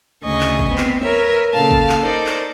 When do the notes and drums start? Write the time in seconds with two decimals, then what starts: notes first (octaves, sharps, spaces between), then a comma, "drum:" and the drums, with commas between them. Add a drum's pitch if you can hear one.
0.22 D2 C#3 A3 D#5 G#5 C#6
0.41 drum: clap
0.59 drum: kick
0.68 B3 C4
0.78 drum: clap
1.00 A#4 B4 C#5 E5
1.53 A#2 C#3 A4 F5 A5
1.71 drum: kick
1.89 drum: clap
2.01 D#4 A4 A#4 C5 D5 D#5
2.27 drum: clap